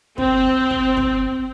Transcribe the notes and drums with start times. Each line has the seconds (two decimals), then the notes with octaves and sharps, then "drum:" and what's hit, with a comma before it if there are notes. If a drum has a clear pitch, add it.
0.18 C4, drum: kick
0.44 drum: tom
0.71 drum: kick
0.97 drum: kick